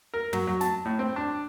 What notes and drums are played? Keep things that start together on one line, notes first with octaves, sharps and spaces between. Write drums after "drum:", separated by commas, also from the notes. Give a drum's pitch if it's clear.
A#4
F#3, drum: tom
F#3
A5, drum: snare
A2
C4
D4